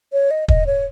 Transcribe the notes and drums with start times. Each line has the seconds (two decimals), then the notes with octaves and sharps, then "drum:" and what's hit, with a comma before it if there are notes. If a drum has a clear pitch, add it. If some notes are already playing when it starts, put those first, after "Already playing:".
0.13 C#5
0.31 D#5
0.48 D#5, drum: kick
0.66 C#5